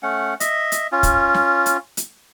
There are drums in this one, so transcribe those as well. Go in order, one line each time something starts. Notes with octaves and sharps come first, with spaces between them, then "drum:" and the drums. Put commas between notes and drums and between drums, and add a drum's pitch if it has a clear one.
A3 C#4 F#5
D#5 E5, drum: hi-hat
drum: hi-hat
C#4 F4
drum: kick, hi-hat
drum: snare
drum: hi-hat
drum: hi-hat